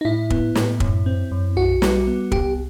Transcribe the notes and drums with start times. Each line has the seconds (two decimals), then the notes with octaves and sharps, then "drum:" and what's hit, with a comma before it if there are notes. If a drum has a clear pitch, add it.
0.01 D#4
0.05 A2 E4
0.30 B3, drum: kick
0.55 A2, drum: snare
0.80 F#2, drum: kick
1.06 C4
1.31 F#2
1.56 B1 F#4
1.82 G3, drum: snare
2.07 B3
2.32 C2 G4, drum: kick